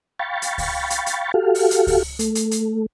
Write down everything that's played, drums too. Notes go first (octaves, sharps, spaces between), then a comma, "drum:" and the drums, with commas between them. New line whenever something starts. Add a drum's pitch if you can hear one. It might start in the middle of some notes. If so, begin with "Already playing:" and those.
F5 G5 B5 C#6 A6
drum: hi-hat
drum: kick C#2, open hi-hat
drum: hi-hat
drum: hi-hat
F#4 G4 A4 F5
drum: open hi-hat
drum: hi-hat
drum: kick C#2, open hi-hat
A3, drum: hi-hat
drum: hi-hat
drum: hi-hat